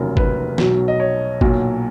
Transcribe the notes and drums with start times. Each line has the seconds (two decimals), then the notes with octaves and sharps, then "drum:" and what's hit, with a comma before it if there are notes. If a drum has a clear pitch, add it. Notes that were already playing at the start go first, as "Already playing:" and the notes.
Already playing: F1 D#2 C#3 F#3 A#4
0.17 B4, drum: kick
0.58 B1 B2 F#3, drum: snare
0.88 D#5
1.00 C#5
1.41 B1 A#2 F#3, drum: kick